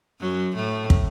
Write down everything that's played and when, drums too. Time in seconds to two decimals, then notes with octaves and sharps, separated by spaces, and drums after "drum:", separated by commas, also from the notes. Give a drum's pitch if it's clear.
0.20 F#2 F#3
0.55 A2 A3
0.90 drum: kick